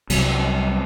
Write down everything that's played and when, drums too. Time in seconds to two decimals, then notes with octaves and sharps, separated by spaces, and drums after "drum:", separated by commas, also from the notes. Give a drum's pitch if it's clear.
0.10 C2 C3 F#3 G3, drum: cymbal